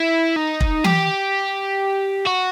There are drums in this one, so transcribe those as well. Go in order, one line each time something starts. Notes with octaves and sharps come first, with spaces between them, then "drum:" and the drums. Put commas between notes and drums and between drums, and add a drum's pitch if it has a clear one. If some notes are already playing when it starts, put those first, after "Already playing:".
Already playing: E4
D#4
drum: kick
G4, drum: tom E3
F#4